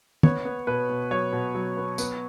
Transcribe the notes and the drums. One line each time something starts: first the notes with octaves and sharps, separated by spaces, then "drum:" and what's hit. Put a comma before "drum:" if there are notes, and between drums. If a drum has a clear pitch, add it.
B3 C#5, drum: tom
B3
B2 B4
B2
F#3 C#5
B2
F#3
B3
B3, drum: tambourine